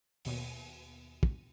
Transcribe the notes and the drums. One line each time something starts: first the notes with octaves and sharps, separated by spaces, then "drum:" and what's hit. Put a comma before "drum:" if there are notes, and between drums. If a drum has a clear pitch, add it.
D#2 B2 D#7, drum: open hi-hat
drum: kick